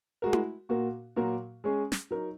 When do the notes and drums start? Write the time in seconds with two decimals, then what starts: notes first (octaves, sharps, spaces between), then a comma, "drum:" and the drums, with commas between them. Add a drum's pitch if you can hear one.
0.22 G#3 F#4 A#4
0.33 drum: tom E4
0.69 A#2 A#3 F#4 A#4
1.16 A#2 F#3 A#3 F#4 A#4
1.64 G#3 C#4 G#4
1.92 drum: snare
2.11 F#3 D#4 A#4